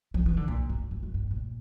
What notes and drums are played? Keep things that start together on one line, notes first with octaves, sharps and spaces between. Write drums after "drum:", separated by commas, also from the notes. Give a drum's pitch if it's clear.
F3, drum: kick
E3
D3
A#2, drum: kick
G#2
G2
F#2
G2
A#2